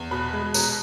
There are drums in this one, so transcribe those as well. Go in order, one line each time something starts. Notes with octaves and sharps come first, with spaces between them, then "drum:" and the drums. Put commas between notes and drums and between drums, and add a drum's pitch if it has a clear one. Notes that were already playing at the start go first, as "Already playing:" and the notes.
Already playing: E2
B2 B5
G#3
B2 A#5, drum: tambourine